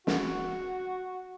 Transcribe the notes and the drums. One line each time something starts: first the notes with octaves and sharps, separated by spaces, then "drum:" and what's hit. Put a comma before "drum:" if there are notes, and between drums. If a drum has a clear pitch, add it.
F#4, drum: snare